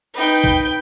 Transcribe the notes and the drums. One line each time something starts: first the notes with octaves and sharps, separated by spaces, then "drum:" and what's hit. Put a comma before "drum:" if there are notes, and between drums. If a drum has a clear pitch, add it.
D#4 B4 G5 G6
drum: kick B1